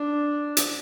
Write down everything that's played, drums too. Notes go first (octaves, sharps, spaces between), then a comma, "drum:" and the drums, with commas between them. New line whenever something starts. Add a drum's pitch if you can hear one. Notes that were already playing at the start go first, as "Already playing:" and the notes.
Already playing: D4
drum: hi-hat